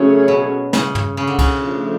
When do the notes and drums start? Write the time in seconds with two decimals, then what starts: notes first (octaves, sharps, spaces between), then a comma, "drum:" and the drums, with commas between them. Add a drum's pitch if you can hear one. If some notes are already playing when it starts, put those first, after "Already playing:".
Already playing: C#3 F#3 A3 C#4 G#4 C#5
0.28 B2
0.73 C#3, drum: snare
0.95 drum: tom
1.17 C#3
1.27 D3
1.39 C#3, drum: kick C2, cymbal
1.62 F3 A3 D4